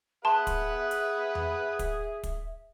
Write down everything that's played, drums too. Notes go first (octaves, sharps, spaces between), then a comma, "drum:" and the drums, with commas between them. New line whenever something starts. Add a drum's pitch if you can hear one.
G#4 B4 E5 F#5 A5 B5 C6
drum: kick, hi-hat
drum: hi-hat
drum: tom E2
drum: kick, hi-hat
drum: kick, hi-hat